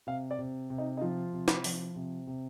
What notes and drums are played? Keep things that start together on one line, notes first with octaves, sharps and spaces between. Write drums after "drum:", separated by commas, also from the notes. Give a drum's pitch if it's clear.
C3 F5
D5
C3
C3
D#4
D#4
F3 F4
C3
drum: snare
F3, drum: open hi-hat
C3
C3